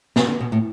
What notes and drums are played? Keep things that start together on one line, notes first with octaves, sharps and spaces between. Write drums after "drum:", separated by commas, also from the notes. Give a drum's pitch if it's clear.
C3, drum: snare
D3
B2
A2